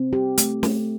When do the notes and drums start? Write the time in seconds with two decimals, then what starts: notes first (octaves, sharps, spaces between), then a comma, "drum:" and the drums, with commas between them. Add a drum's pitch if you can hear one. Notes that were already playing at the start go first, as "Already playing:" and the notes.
Already playing: C4
0.13 G4
0.38 A3, drum: hi-hat
0.63 A3, drum: snare